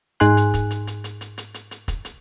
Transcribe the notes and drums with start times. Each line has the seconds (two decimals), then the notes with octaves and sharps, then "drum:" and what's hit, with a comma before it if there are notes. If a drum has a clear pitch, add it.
0.20 G#2 D#4 G#4 G#5 C6 F#6, drum: hi-hat
0.37 drum: hi-hat
0.54 drum: kick, hi-hat
0.70 drum: hi-hat
0.87 drum: hi-hat
1.04 drum: hi-hat
1.21 drum: hi-hat
1.38 drum: hi-hat
1.54 drum: hi-hat
1.71 drum: hi-hat
1.88 drum: kick, hi-hat
2.05 drum: hi-hat